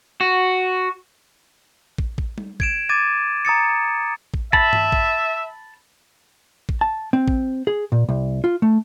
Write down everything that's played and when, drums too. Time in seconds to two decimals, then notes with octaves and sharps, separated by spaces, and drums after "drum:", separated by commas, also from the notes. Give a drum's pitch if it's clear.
0.21 F#4
1.98 drum: kick
2.18 drum: kick
2.38 drum: tom G3
2.60 G#6 D7 E7, drum: kick
2.89 D6 G#6 A6 D#7
3.45 A#5 D#6 A6 C#7
4.34 drum: kick
4.53 E5 A5 B5, drum: kick
4.73 drum: tom G2
4.92 drum: kick
6.69 drum: kick
6.81 A5
7.13 C4
7.28 drum: kick
7.67 G#4
7.92 A#2
8.09 C2
8.44 F4
8.62 A3